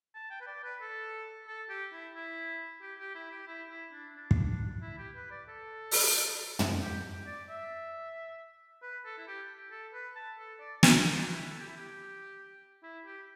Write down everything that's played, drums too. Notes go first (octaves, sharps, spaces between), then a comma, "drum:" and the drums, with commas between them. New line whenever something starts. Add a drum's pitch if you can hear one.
A5
G5
B4
D5
B4
A4
A4
G4
E4
E4
G4
G4
E4
G4
E4
E4
D4
D4
drum: kick
E4
G4
B4
D5
A4
drum: open hi-hat
drum: tom
G4
D5
E5
B4
A4
E4
G4
A4
B4
A5
A4
D5
A4, drum: snare
G4
D4
E4
A4
G4
E4
G4
E4
G4